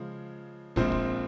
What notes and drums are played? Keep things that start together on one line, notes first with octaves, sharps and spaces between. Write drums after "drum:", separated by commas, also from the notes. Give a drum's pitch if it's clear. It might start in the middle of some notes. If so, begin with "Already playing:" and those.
Already playing: C#3 F3 G#3
A#1 A#2 F3 G#3 C4, drum: kick
drum: kick